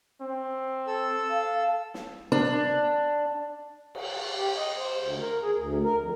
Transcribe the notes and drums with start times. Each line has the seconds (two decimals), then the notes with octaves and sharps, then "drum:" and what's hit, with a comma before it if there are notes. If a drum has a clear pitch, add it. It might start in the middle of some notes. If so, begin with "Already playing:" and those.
0.21 C4
0.87 A4 E6
1.30 F5
1.94 drum: snare
2.32 D4
3.95 drum: cymbal
4.36 G4
4.57 D#5
4.77 C5
5.00 D2
5.20 A#4
5.42 G#4
5.56 D2
5.83 A#4
5.98 F2